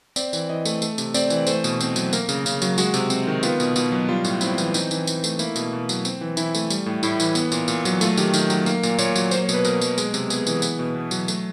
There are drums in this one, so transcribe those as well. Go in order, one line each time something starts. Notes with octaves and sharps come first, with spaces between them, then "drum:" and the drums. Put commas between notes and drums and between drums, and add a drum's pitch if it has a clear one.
C4 D5, drum: tambourine
E3, drum: tambourine
E3 D#5
A3, drum: tambourine
A3, drum: tambourine
C3, drum: tambourine
C4 D5, drum: tambourine
E3, drum: tambourine
A3 C5, drum: tambourine
B2, drum: tambourine
C4, drum: tambourine
F#3, drum: tambourine
A#3 A#4, drum: tambourine
C#3, drum: tambourine
C#3, drum: tambourine
F#3, drum: tambourine
G#3 F#4, drum: tambourine
C3, drum: tambourine
C4, drum: tambourine
D#3
B3 F4, drum: tambourine
B2, drum: tambourine
B2, drum: tambourine
F#3
G3 F4
A2, drum: tambourine
C4 E4, drum: tambourine
E3, drum: tambourine
C4 D#4, drum: tambourine
E3, drum: tambourine
E3, drum: tambourine
A3, drum: tambourine
A#3 E4, drum: tambourine
B2, drum: tambourine
B2
F#3, drum: tambourine
C4, drum: tambourine
E3
E3 E4, drum: tambourine
A3, drum: tambourine
G3, drum: tambourine
A2
A2 E4, drum: tambourine
E3, drum: tambourine
B3, drum: tambourine
A#2, drum: tambourine
A#2, drum: tambourine
F#3, drum: tambourine
A3 F4, drum: tambourine
D#3 G4, drum: tambourine
D#3, drum: tambourine
F#3, drum: tambourine
A#3, drum: tambourine
A#2, drum: tambourine
A#2 C#5, drum: tambourine
F#3, drum: tambourine
A#3 C5, drum: tambourine
C#5
B2, drum: tambourine
B4
B2 A#4, drum: tambourine
F#3, drum: tambourine
G#3, drum: tambourine
C3, drum: tambourine
B3 G#4, drum: tambourine
E3, drum: tambourine
B3, drum: tambourine
B2
B2
F#3, drum: tambourine
A3, drum: tambourine